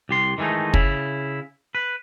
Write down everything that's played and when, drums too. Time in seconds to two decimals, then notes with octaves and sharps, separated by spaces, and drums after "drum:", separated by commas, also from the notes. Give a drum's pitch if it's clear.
0.09 C2 G4 C6
0.38 D#3 E3 G#3 A3 D#4
0.74 C#3 E4, drum: kick
1.75 B4